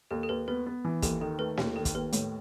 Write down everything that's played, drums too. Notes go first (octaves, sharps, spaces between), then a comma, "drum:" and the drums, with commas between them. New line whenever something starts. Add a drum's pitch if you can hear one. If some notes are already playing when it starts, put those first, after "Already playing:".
D#2 A4
A4
D#2 B4
B3 B4
B3
E3
D#2 A4, drum: kick, hi-hat
D#3 A4
A3 B4
D#2 C#5, drum: snare
D#3 A4
drum: kick, hi-hat
D#2 B4
A2 C#5, drum: hi-hat